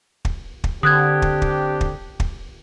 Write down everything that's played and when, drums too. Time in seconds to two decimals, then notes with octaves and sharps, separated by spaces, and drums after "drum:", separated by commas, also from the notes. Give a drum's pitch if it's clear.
0.25 drum: kick
0.64 drum: kick
0.83 D3 C4 D4 G4 D#6 F#6 G#6
1.22 drum: kick
1.42 drum: kick
1.81 drum: kick
2.20 drum: kick